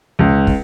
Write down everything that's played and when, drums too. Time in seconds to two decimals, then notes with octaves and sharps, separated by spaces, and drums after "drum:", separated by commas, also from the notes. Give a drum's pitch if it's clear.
0.19 C#2
0.47 drum: kick